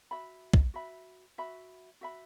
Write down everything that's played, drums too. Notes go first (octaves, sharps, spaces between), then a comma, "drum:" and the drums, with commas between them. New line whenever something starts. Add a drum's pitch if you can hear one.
F#4 E5 B5
drum: kick
F#4 E5 B5
F#4 E5 B5
F#4 E5 B5